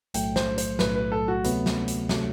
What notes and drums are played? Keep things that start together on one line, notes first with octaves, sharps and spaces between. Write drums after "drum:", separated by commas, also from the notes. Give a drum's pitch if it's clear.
B1 A2 F#3 A3 G5, drum: hi-hat
C5, drum: snare
C5, drum: hi-hat
B1 A2 F#3 A3 B4, drum: snare
B4
A4
F#4
D2 C3 F#3 A3 B3, drum: hi-hat
drum: snare
drum: hi-hat
C3 F#3 A3, drum: snare